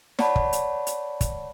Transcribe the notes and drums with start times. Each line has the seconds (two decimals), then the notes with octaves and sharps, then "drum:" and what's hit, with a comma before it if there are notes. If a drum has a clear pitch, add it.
0.19 C#5 D5 F#5 A5 B5, drum: snare
0.36 drum: kick
0.53 drum: hi-hat
0.87 drum: hi-hat
1.21 drum: kick, hi-hat